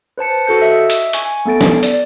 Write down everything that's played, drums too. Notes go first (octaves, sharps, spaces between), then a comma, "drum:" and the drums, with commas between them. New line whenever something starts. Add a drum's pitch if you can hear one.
B4 C5 A5 C#7
F#4 A4 G6 C#7
D#5 E5 E6
drum: hi-hat
G#5 C#6, drum: hi-hat
A3 B3 A4 A6 D7
drum: snare
D5, drum: hi-hat